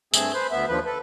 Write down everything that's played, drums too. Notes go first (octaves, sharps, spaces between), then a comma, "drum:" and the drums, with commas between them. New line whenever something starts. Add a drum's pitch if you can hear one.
G2 A3 C4 G#4 E6, drum: tambourine
B4 C5
D2 B3 E5
D#2 D3 F3 B4
A4 B4